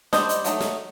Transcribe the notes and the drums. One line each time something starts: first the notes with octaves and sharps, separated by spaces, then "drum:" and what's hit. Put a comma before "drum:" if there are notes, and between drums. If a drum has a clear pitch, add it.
G3 D4 C5 D#5, drum: snare
drum: hi-hat
F#3 A3 D#4, drum: hi-hat
drum: snare